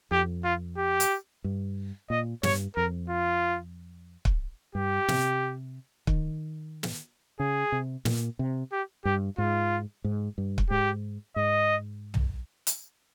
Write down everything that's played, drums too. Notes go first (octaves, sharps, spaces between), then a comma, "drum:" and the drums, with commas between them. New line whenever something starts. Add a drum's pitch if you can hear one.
F2 G4
F4
G4
drum: hi-hat
G2
A#2 D#5
G2 C#5, drum: snare
F2 A#4
F4
drum: kick
G2 G4
C3, drum: snare
D#3, drum: kick
drum: snare
C#3 G#4
C3
A#2, drum: snare
C3
G4
G2 G4
G#2 F4
G#2
G2
drum: kick
G#2 G4
G#2 D#5
drum: tom
drum: hi-hat